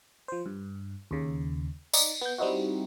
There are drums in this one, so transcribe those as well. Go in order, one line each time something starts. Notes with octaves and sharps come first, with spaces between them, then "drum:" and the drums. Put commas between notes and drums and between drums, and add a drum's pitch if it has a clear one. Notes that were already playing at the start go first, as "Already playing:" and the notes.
F3 C5
G2
D#2 C#3
D#4 D5, drum: tambourine
B3 G6
G3 C4 D#4 E4 F#4